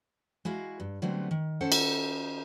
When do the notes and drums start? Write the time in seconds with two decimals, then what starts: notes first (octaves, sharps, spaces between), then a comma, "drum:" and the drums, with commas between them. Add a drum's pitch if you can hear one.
0.45 G#3 E4 F#4 F5
0.80 G2
1.02 D3 F#3 G3 A3 B3 C4
1.31 D#3
1.61 D#3 C#4 A4 C5 F#5
1.72 drum: cymbal